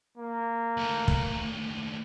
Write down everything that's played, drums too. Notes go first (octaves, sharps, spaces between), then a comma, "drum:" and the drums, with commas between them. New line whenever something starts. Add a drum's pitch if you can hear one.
A#3
D#2 A3
drum: kick